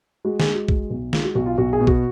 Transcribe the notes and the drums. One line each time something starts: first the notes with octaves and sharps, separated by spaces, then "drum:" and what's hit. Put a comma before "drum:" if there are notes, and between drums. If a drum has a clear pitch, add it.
G#3 F#4
G#4, drum: snare
G#3
F#4
G#3, drum: kick
B1
G#3 F4, drum: snare
F#4
B1 F#4
F4
B1 F#4
G#4
B2
F#4, drum: kick